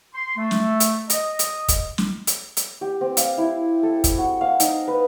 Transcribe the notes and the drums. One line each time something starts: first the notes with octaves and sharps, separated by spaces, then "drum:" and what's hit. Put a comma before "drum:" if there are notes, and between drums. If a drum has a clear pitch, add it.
C6
A3
drum: snare
drum: hi-hat
D#5, drum: hi-hat
drum: hi-hat
drum: kick, hi-hat
drum: snare
drum: hi-hat
drum: hi-hat
G4
C4
F5, drum: hi-hat
E4
A4
drum: kick, hi-hat
F#4
F5
D#4, drum: hi-hat
B4